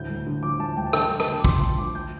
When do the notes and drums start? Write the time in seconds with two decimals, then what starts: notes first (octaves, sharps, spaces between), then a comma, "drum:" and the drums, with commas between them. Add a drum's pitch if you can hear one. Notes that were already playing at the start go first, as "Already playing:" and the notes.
Already playing: D2 A2 G6
0.10 D2
0.26 D3
0.43 F3 D6
0.60 D2 A5
0.77 D2 G5
0.87 A5
0.93 D4 G5, drum: rim click
1.11 D2
1.20 A5, drum: rim click
1.28 D3
1.39 D6
1.44 F3 C6, drum: kick
1.61 D4 C6
1.78 D2 D6
1.95 G6